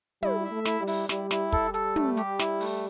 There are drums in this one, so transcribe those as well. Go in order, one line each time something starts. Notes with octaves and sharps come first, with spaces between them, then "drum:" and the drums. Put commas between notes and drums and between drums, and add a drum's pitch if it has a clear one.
G3 E4, drum: tom
E5
A3
E4, drum: snare
G3
E4, drum: open hi-hat
G3 E4, drum: snare
E4, drum: snare
G3 A4, drum: kick
A4, drum: hi-hat
A3, drum: tom
G4, drum: hi-hat
E4, drum: snare
A3, drum: open hi-hat